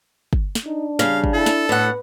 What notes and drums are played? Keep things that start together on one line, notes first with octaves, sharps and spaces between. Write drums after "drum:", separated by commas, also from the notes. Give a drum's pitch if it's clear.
drum: kick
drum: snare
D4 D#4
C#3 G3 F5, drum: snare
drum: kick
E4 A4
drum: snare
A2 B4 F#5